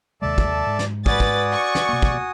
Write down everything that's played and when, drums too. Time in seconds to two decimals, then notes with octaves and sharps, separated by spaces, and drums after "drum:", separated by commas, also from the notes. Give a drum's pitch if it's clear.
0.22 D#2 C3 G#3 A4 D5 E5 A5
0.38 drum: kick
0.67 G#2
0.79 drum: snare
1.06 F#4 B4 D5 G#5 D#6 A6, drum: kick
1.20 drum: kick
1.52 C#6
1.75 drum: snare
1.89 B2 A#3
2.02 drum: kick